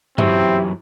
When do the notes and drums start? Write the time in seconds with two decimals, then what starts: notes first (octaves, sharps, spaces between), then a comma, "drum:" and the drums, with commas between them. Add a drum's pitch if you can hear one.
0.18 F#2 E3 F#3 C4 E4 G4, drum: tom G2